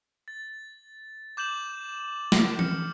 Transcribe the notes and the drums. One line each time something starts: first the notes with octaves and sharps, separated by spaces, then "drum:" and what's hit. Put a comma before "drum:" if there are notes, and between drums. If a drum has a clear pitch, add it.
A6
D6 G6 E7 F#7
drum: snare
F6 C#7, drum: tom E3